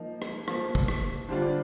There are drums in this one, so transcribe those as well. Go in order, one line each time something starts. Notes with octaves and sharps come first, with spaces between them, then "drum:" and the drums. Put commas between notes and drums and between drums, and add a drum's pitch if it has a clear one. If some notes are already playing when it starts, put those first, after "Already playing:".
Already playing: F3 A#3 D#4
drum: rim click
F3 A#3 F4 C5, drum: rim click
drum: kick
drum: rim click
D3 G3 D4 F4 C5
D5